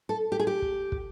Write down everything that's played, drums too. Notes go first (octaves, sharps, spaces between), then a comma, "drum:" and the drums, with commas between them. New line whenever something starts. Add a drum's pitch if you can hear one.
A4
G4
G#4
G4
drum: kick
drum: kick